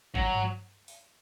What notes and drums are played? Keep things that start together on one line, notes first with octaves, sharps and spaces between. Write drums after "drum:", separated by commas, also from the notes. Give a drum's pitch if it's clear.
F#3, drum: kick G1
drum: tom G2
drum: open hi-hat